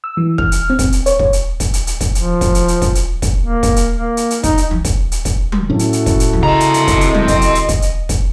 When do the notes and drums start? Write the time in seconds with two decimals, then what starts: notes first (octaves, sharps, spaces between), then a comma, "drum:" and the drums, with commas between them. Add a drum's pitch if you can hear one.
0.04 E6
0.17 E3
0.38 F6, drum: kick
0.52 drum: hi-hat
0.70 C4
0.79 drum: kick, hi-hat
0.92 drum: hi-hat
1.06 C#5, drum: hi-hat
1.19 drum: kick
1.33 drum: hi-hat
1.60 drum: kick, hi-hat
1.74 drum: hi-hat
1.87 drum: hi-hat
2.01 drum: kick, hi-hat
2.15 F3, drum: hi-hat
2.41 drum: kick, hi-hat
2.55 drum: hi-hat
2.68 drum: hi-hat
2.82 drum: kick, hi-hat
2.95 drum: hi-hat
3.22 drum: kick, hi-hat
3.42 A#3
3.63 drum: kick, hi-hat
3.76 drum: hi-hat
3.95 A#3
4.17 drum: hi-hat
4.30 drum: hi-hat
4.44 D#4, drum: kick, hi-hat
4.58 drum: hi-hat
4.71 drum: tom
4.85 drum: kick, hi-hat
5.12 drum: hi-hat
5.25 drum: kick, hi-hat
5.52 drum: tom F#3
5.70 A2 C#4 E4 F#4 A4
5.79 drum: hi-hat
5.93 drum: hi-hat
6.06 drum: kick, hi-hat
6.20 drum: hi-hat
6.33 drum: tom
6.43 C#3 C4 D#5 A#5
6.60 drum: hi-hat
6.74 drum: hi-hat
6.87 drum: kick, hi-hat
7.01 drum: hi-hat
7.14 drum: tom F#3
7.28 drum: kick, hi-hat
7.42 drum: hi-hat
7.55 drum: hi-hat
7.69 drum: kick, hi-hat
7.82 drum: hi-hat
8.09 drum: kick, hi-hat